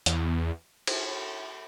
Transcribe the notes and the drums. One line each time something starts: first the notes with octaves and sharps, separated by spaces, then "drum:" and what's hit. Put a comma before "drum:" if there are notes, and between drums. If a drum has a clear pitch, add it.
E2, drum: hi-hat
drum: cymbal